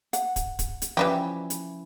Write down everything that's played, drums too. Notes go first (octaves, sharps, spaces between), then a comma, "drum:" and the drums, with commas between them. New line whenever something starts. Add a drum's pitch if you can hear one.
F#5, drum: hi-hat
drum: kick, hi-hat
drum: kick, hi-hat
drum: hi-hat
E3 F3 G3 C#4 E4 G4
drum: hi-hat